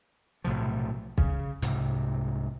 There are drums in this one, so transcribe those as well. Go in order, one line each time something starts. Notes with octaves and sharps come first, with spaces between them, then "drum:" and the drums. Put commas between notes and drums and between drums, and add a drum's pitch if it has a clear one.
B1 A2 C3 F3
C#3, drum: kick
C2 G#2 C3, drum: hi-hat